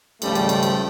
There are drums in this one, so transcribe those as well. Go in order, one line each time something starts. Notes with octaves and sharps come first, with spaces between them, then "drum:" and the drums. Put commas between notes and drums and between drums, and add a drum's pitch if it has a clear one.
G#1 C#2 C#3 F3 G3 A3, drum: cymbal
drum: cymbal
drum: cymbal
drum: cymbal